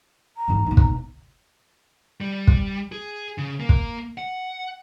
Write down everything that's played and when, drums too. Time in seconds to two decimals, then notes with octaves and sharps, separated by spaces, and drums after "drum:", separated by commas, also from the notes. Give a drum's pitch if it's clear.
0.36 A#5
0.48 G#2 E3
0.66 G#2 B2
0.77 drum: kick
2.21 G3
2.47 drum: kick
2.92 G#4
3.38 C#3
3.60 A#3
3.69 drum: kick
4.18 F#5